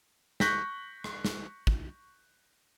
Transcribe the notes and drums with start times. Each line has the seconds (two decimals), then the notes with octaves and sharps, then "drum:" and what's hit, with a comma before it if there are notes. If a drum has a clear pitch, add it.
0.40 C#6 F#6 G6 A#6 B6, drum: snare
1.04 drum: rim click
1.25 drum: snare
1.67 drum: kick